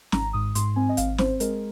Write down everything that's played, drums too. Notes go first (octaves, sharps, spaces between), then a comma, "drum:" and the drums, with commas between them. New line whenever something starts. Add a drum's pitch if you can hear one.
G#1 A#5, drum: snare
G#2 D#6
G#2 C6, drum: hi-hat
C4 G#5
D#5
G#1 F5, drum: hi-hat
C4 C5, drum: snare
G#3 A#4, drum: hi-hat